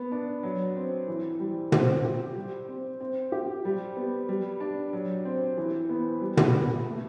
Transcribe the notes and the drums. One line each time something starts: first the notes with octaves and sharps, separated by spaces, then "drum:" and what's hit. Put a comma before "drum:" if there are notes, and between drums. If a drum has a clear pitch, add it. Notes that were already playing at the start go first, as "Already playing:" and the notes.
Already playing: B3
D4
F#3
C4
E3
G3
C4, drum: tom
G4
G3
C4
C4
G4
G3
B3
G3
D4
F#3
C4
E3
B3
G3
drum: tom
B3
A3